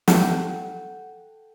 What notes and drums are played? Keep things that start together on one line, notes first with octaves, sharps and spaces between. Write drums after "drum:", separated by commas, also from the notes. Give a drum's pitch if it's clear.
A4 F#5 G5, drum: snare